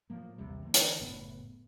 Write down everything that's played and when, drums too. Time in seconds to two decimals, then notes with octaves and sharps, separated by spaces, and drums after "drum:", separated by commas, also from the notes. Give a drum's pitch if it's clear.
0.10 A2 F3 A#3
0.38 A1 D#2 C3 G3
0.63 D3 E3 A#3
0.74 drum: hi-hat
0.99 F#1 A2 B3